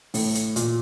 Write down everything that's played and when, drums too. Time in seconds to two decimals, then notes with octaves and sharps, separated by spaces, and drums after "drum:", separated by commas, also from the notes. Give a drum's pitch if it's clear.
0.14 A2, drum: open hi-hat
0.35 drum: hi-hat
0.56 A#2, drum: hi-hat